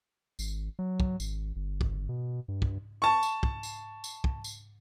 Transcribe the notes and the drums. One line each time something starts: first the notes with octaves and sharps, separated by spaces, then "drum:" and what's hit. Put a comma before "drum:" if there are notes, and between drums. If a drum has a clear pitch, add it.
G#1, drum: tambourine
F#3
drum: kick
G#1, drum: tambourine
G1
drum: kick
B2
G2
drum: kick
A5 C#6
drum: tambourine
drum: kick
drum: tambourine
drum: tambourine
drum: kick
drum: tambourine